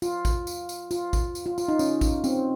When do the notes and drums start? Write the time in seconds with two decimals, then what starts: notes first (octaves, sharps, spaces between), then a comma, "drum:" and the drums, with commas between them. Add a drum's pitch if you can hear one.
0.02 F4, drum: tambourine
0.25 drum: kick, tambourine
0.47 drum: tambourine
0.69 drum: tambourine
0.91 F4, drum: tambourine
1.13 drum: kick, tambourine
1.35 drum: tambourine
1.46 F4
1.58 F4, drum: tambourine
1.68 D#4
1.79 C#4, drum: tambourine
2.01 drum: kick, tambourine
2.24 C4, drum: tambourine